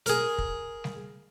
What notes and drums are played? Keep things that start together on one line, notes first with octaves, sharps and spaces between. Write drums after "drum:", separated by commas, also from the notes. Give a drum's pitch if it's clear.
G#4 A#4, drum: hi-hat
drum: kick
drum: snare G3